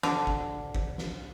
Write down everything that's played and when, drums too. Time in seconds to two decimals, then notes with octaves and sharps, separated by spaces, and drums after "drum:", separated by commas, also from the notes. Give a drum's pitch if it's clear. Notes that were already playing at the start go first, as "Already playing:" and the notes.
0.03 D3, drum: snare
0.27 drum: kick
0.75 drum: kick
0.98 drum: snare